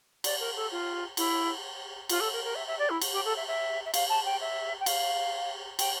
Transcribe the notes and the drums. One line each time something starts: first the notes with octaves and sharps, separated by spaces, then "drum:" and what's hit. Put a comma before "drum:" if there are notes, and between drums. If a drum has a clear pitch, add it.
D5, drum: cymbal
A#4
A4
F4
E4, drum: cymbal
F4, drum: cymbal
A4
A#4
A#4
E5
E5
D5
E4
drum: cymbal
G4
A4
E5
E5
E5
F5, drum: cymbal
A5
G5
E5
G5
F5, drum: cymbal
G5, drum: cymbal